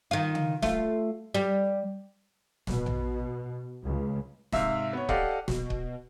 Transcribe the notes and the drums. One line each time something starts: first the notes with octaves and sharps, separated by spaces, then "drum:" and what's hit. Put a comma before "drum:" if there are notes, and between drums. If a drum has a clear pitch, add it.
D#3 F4
drum: tom C#3
A3 F4, drum: snare
G3
B2, drum: snare
drum: tom A#1
C#2
G#2 C3 E5 F5, drum: snare
B3 C#5
G4 A4 D5 D#5 F5 F#5, drum: kick C#1
B2, drum: snare
drum: kick C#1